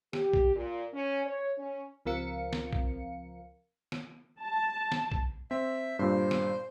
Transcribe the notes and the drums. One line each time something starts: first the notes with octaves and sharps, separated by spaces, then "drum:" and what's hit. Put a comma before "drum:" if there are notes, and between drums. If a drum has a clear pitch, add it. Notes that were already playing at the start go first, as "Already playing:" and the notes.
G4, drum: snare
drum: kick B1
A#2
C#4
C#5
C#4
C#2 F3 C4 A#4 F5 C#7
drum: snare
drum: kick B1
drum: snare
A5
drum: snare
drum: kick B1
C4 E5
G2 A#2 C5
drum: snare